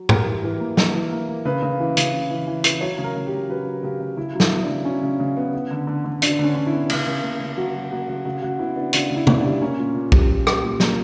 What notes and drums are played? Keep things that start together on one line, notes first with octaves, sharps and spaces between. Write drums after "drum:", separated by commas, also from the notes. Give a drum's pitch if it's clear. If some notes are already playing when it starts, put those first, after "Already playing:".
Already playing: F#3
G3 A#4, drum: tom
E3
E3
A#3
A#3, drum: snare
E3
A#3
A#3
C#3 B4
C#3
E3
C#3, drum: hi-hat
E3
E3
E3
E3, drum: hi-hat
F#3 C#5
C#3
A#4
C#3
G4
C#3
F#3 B4
F#3
C#3 G4
C#3
C#3 E4
F#3
E4, drum: snare
B3
D4
C#3
F#3 C#4
C#3
C#3
B3
B3
D3
D3
D3
D3 D4, drum: hi-hat
D3 C#4
D3
E4
B3
C#3, drum: cymbal
C#3
A#3
C#3
F#3 F#4
F#3
A#3 F#4
C#3 F#4
C#3 F#4
C#3 F#4
B3 E4
B3 D4
C#3 D4, drum: hi-hat
C#3
E4
B3, drum: tom
D4
G3
A#3 C#4
A#2
A#2
G3, drum: kick
A#2
G3, drum: rim click
A#2
A#3, drum: snare